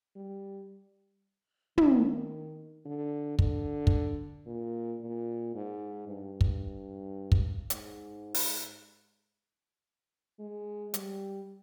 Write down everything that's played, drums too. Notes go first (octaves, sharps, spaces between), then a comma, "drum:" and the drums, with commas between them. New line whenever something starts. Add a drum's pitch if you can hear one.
G3
D#3, drum: tom
D3
D3, drum: kick
drum: kick
A#2
A#2
G#2
G2
drum: kick
drum: kick
G#2, drum: hi-hat
drum: open hi-hat
G#3
G3, drum: hi-hat